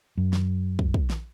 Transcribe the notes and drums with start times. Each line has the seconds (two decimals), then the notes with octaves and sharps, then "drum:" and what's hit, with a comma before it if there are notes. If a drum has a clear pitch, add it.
0.17 F#2
0.33 drum: snare
0.79 drum: kick
0.94 drum: kick
1.10 drum: snare